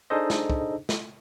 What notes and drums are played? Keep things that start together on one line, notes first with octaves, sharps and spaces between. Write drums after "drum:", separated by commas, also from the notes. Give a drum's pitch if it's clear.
D4 D#4 G#4 A4 C5 D#5
drum: snare
drum: kick
drum: snare